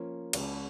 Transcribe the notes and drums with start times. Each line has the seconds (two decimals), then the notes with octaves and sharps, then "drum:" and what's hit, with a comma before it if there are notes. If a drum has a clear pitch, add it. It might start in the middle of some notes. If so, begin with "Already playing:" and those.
Already playing: F3 A#3 C#4 F4
0.33 C#2 C#3 G#3, drum: cymbal